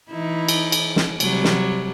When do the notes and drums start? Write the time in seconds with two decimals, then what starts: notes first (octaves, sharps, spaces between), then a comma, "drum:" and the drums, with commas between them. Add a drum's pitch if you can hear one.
0.10 E3 D#4 E4
0.49 drum: cymbal
0.72 drum: cymbal
0.96 drum: snare
1.20 C3 F#3 G3, drum: cymbal
1.44 drum: snare